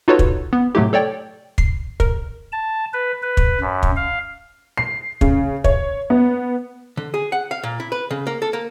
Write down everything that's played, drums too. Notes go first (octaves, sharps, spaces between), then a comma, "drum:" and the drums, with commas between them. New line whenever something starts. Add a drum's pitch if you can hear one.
D#4 F4 F#4 A4 B4 C#5
drum: kick
B3
A2 C3 F#3 A3 E4 G4
A4 C#5 D5 G5
C7, drum: kick
A#4, drum: kick
A5
B4
B4
drum: kick
F#2
drum: kick
F5
C7
C#3, drum: kick
C#5, drum: kick
B3
D3
G#4
F#5
F5
A#2
E4
B4
C#3
A#3
A4
A#3